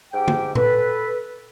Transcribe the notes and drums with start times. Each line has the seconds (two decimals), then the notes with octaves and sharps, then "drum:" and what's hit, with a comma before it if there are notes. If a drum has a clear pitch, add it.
0.13 G#2 G4 G5
0.28 drum: tom
0.55 A4 B4, drum: tom A#2